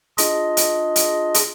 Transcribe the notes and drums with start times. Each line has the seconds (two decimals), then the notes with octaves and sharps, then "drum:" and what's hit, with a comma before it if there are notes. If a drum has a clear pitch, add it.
0.18 D4 F4 G#4 D#5, drum: hi-hat
0.57 drum: hi-hat
0.96 drum: hi-hat
1.34 drum: hi-hat